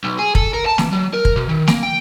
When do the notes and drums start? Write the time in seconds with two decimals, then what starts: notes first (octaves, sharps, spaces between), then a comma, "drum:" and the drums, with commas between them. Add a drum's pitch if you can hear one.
0.04 B1
0.18 G#4
0.35 A4, drum: kick
0.53 A#4
0.66 A5
0.78 E3, drum: snare
0.92 F#3
1.13 A#4
1.25 drum: kick
1.36 B2
1.49 D#3
1.68 A#3, drum: snare
1.83 G5